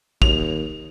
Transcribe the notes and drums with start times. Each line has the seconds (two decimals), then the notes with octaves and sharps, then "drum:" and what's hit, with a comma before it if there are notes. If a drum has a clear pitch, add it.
0.22 D#2 F7, drum: kick